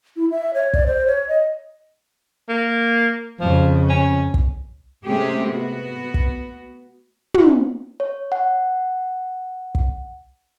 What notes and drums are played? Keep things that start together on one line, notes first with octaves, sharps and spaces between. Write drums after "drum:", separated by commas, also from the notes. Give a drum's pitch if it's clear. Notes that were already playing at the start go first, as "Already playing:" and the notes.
E4
E5
C#5
D5, drum: kick
C5
C#5
D#5
A#3
F2 C#3 F3
C#4
drum: kick
C3 G#3 A3 C#4 G4 G#4
B3 F#4
drum: kick
drum: tom
C#5
F#5
drum: kick